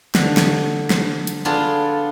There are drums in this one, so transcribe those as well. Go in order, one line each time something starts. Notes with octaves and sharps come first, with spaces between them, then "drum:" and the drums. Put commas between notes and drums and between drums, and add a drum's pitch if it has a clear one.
D3, drum: snare
drum: snare
drum: snare
drum: hi-hat
B3 D4 F4 G#4 A4